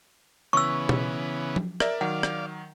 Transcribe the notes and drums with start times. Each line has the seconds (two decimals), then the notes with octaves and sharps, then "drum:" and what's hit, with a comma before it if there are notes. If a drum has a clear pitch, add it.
0.53 C#3 E3 B3 C#6 E6
0.89 drum: tom B2
1.56 drum: tom
1.80 A#4 D5 E5, drum: rim click
2.01 D#3 F#3 D5 F5 F#5
2.23 drum: rim click